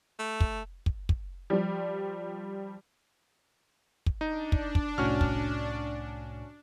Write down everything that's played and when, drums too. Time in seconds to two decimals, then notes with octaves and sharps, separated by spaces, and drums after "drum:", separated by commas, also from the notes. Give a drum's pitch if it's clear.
0.19 A3
0.40 drum: kick
0.86 drum: kick
1.09 drum: kick
1.50 F3 G3
4.06 drum: kick
4.21 D4 D#4
4.52 drum: kick
4.75 drum: kick
4.98 C2 A2 C#4 F#4 F6
5.21 drum: kick